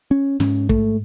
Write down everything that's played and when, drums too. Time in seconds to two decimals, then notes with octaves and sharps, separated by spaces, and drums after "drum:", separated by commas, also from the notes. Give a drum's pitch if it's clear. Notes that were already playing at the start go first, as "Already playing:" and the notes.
0.11 C#4
0.40 G#2 C#4, drum: snare
0.69 A3, drum: kick